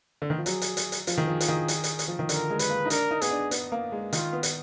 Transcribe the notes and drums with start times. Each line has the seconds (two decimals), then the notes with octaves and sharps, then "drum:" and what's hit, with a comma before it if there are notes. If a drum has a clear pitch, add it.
0.22 D3
0.30 D#3
0.38 F3
0.46 F#3 G#4, drum: hi-hat
0.61 drum: hi-hat
0.77 drum: hi-hat
0.92 drum: hi-hat
1.07 F3 G#4, drum: hi-hat
1.17 D#3
1.28 F3
1.40 F3, drum: hi-hat
1.48 D#3
1.68 drum: hi-hat
1.84 drum: hi-hat
1.99 drum: hi-hat
2.08 F3
2.19 D#3
2.29 D3 A#4, drum: hi-hat
2.50 G#3
2.59 B4, drum: hi-hat
2.70 A#3
2.85 D#4
2.90 D4 A#4, drum: hi-hat
3.11 D#4
3.22 B3 G#4, drum: hi-hat
3.31 D4
3.51 B3, drum: hi-hat
3.72 A#3
3.92 G#3
4.13 D#3 F4, drum: hi-hat
4.33 B3
4.43 drum: hi-hat